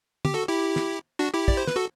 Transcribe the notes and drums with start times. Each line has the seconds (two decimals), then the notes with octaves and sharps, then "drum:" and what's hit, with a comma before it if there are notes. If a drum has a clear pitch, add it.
0.25 G4, drum: tom
0.34 F#4 A4
0.48 E4 G4
0.76 drum: snare
1.19 D4 F#4
1.34 E4 G4
1.48 D5, drum: kick
1.57 C5
1.67 B4, drum: snare
1.76 F#4 A4